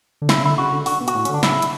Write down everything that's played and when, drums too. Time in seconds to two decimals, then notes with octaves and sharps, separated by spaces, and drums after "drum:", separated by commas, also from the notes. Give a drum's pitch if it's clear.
0.22 D3
0.29 C#3 E4, drum: snare
0.39 C#3
0.44 D3 E4
0.58 C#3 F#4
0.72 D3
0.86 D3 F#4, drum: open hi-hat
1.00 B2
1.08 F#4, drum: hi-hat
1.15 A2
1.25 C#4, drum: hi-hat
1.29 D3
1.34 D4
1.43 C#3 E4, drum: snare
1.62 drum: hi-hat